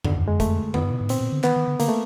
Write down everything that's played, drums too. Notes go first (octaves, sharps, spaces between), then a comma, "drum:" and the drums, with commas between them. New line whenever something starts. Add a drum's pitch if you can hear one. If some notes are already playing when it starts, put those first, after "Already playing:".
F2 D3, drum: tom F#2
E2
F2 G#3
A3, drum: kick, hi-hat
F2 B3, drum: tom D3
G2
B2
G#2
A#2 C4, drum: hi-hat
A#2
D3
D#3 B3, drum: clap
D#3
D3
D3 A#3, drum: hi-hat
A3